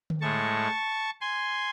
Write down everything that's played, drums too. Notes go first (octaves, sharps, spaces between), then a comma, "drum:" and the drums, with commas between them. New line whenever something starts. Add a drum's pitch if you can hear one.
drum: tom D3
A2 G#3 A5 C#6
G#5 C6